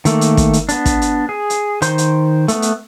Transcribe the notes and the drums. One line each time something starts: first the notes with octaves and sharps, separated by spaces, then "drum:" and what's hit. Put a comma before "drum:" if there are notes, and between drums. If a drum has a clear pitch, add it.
D#3 A3 A#3, drum: hi-hat
drum: hi-hat
drum: kick, hi-hat
drum: hi-hat
B3 D4, drum: hi-hat
drum: kick, hi-hat
drum: hi-hat
G#4
drum: hi-hat
D#3 C5 C6 G6, drum: hi-hat
drum: hi-hat
A3 B3, drum: hi-hat
drum: hi-hat